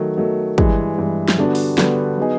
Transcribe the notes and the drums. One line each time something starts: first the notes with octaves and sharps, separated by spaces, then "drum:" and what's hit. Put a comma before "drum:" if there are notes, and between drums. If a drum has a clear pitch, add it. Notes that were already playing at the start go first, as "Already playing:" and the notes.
Already playing: D#3 F#3 A3
D#3 F#3 A3
G2 E3 G#3, drum: kick
G2 E3 G#3
drum: snare
D3 G3 B3 D4 F#4
drum: open hi-hat
D3 G3 B3 D4 F#4, drum: snare
F#3 B3 D#4 G#4